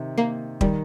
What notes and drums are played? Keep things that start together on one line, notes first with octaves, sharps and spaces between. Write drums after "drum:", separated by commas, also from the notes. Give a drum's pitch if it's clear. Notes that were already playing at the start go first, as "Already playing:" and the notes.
Already playing: C3 D#3
A#3
D#3 G3, drum: kick